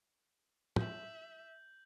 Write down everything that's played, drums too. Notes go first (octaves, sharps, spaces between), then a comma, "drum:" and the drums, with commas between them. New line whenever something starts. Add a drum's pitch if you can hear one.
E5 G6 F#7, drum: tom